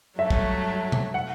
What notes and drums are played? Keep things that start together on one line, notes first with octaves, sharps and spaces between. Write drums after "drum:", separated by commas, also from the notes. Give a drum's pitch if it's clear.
G2 F#3 A3 E5
drum: kick
drum: tom B2
F#5